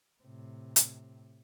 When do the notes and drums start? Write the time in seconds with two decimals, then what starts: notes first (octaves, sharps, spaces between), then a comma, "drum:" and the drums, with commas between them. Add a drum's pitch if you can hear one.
0.22 A2 C3
0.76 drum: hi-hat